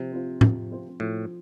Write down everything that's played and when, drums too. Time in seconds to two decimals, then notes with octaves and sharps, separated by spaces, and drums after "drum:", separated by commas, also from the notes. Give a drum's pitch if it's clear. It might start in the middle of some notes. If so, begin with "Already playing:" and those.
Already playing: C3 F3
0.12 C4 F4 C5
0.41 F3, drum: tom A2
0.71 C4 F4 C5
1.00 A2 F3